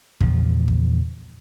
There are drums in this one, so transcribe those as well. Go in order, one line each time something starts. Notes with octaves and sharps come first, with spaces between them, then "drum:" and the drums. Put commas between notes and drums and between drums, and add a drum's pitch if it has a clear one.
E2 A#2 C#3 F3, drum: kick
drum: kick